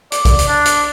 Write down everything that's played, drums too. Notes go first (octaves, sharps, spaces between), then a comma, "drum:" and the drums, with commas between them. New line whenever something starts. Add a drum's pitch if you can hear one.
D5, drum: hi-hat
drum: kick A#1, hi-hat
drum: hi-hat
D4
drum: hi-hat